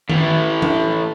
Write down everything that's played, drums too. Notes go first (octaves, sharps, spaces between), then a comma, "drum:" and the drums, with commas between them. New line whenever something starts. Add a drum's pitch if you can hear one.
A2 E3, drum: tom D#3
drum: tom E3